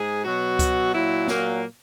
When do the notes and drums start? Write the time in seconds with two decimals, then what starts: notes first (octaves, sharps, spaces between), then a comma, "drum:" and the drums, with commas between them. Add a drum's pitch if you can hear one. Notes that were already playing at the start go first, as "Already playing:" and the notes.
Already playing: G#2 G#4
0.24 B2 F#3 F#4
0.59 drum: kick C#2, hi-hat
0.93 A#2 F#3 E4
1.28 A#3, drum: snare